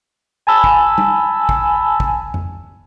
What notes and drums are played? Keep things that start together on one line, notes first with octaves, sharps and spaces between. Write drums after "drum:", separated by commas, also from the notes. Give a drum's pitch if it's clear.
G#5 A5 B5 E6
drum: kick
drum: tom
drum: kick
drum: kick
drum: tom F2